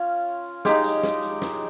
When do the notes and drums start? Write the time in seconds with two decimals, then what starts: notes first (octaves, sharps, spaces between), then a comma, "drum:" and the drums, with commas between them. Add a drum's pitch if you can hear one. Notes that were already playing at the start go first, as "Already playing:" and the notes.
Already playing: C#4 F4
0.65 G#3 D#4 G4, drum: snare
0.84 drum: tambourine
1.03 drum: snare
1.23 drum: tambourine
1.42 drum: snare